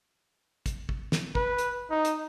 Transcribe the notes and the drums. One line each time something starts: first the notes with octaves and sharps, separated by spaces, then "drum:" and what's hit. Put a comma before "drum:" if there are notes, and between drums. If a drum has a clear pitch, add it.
drum: kick, hi-hat
drum: kick
drum: snare
B4, drum: kick
drum: hi-hat
D#4
drum: hi-hat